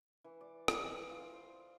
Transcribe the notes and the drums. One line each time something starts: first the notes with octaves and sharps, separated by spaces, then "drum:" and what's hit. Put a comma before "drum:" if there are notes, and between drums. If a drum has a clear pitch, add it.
E3
D5
G5, drum: rim click
E3
F4
C5